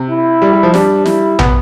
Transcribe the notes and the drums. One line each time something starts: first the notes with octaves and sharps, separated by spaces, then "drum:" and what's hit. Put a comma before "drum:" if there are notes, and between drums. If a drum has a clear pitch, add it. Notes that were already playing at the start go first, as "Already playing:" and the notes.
Already playing: C3
E4
G3
G3
F3
G3 D4, drum: snare
E4, drum: snare
B3, drum: tom